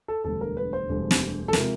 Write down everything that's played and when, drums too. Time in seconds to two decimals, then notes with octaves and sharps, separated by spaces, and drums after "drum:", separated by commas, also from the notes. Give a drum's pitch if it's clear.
0.08 A4
0.24 E1 D2 D3 G3 A4
0.41 A#4
0.57 B4
0.73 C5
0.89 E1 D2 D3 G3
1.11 drum: snare
1.48 A4
1.53 C3 F3 G#3 A#4, drum: snare